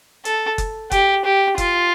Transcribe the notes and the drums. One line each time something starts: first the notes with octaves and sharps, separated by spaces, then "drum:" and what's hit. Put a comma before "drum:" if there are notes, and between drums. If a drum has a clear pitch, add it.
A4, drum: hi-hat
drum: kick F#1, hi-hat
G4, drum: kick F#1, hi-hat
G4
F4, drum: kick F#1, hi-hat